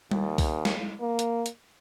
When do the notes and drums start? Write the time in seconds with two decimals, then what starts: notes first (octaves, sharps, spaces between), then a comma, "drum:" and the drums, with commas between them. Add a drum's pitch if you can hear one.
0.11 D#2, drum: tom G3
0.38 drum: kick B1, open hi-hat
0.65 drum: snare
1.01 A#3
1.19 drum: hi-hat
1.46 drum: hi-hat